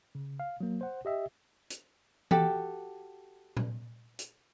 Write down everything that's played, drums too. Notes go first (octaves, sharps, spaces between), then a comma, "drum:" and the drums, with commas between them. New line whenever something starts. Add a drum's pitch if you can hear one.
C#3
F5
F#3 A#3
C5 F#5
G4 D#5 E5 G5
drum: hi-hat
F#4 G4 A4, drum: tom E3
drum: tom A#2
drum: hi-hat